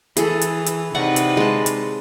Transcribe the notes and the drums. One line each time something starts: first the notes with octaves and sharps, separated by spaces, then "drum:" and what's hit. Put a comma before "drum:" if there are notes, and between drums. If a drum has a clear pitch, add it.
E3 G#4 A4, drum: hi-hat
drum: hi-hat
drum: hi-hat
C3 D#4 B4 D5 F#5 C#6
drum: hi-hat
G#3 A5
drum: hi-hat